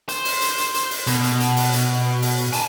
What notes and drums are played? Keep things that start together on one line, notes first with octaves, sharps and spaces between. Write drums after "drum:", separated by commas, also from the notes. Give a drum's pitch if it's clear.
C5, drum: hi-hat
drum: open hi-hat
drum: hi-hat
drum: hi-hat
drum: hi-hat
drum: open hi-hat
B2, drum: hi-hat
drum: hi-hat
drum: hi-hat
drum: open hi-hat
drum: hi-hat
drum: open hi-hat
G#5 A5, drum: hi-hat